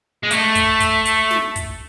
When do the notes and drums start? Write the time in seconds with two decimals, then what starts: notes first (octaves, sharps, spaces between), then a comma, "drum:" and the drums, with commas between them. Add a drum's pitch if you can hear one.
0.23 G#3
0.31 A3, drum: hi-hat
0.55 drum: kick, hi-hat
0.80 drum: kick, hi-hat
1.05 drum: hi-hat
1.31 drum: snare
1.56 drum: kick, hi-hat